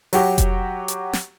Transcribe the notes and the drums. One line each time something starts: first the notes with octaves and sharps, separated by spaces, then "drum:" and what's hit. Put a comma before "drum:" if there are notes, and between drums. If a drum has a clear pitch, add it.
F#3 F#4 G4, drum: open hi-hat
drum: kick F1, hi-hat
drum: hi-hat
drum: snare